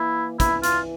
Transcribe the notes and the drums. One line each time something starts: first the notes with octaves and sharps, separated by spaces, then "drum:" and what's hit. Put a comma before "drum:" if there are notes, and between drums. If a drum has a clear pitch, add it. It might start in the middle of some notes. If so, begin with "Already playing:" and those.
Already playing: E3 A#3 E4
E3 E4, drum: kick, hi-hat
F4, drum: hi-hat